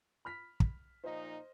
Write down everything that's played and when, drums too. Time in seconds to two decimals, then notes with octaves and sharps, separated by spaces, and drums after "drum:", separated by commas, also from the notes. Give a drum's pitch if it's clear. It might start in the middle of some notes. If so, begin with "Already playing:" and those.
0.25 B5 F6 B6
0.60 drum: kick
1.04 A#2 F3 D#4 C5 D#5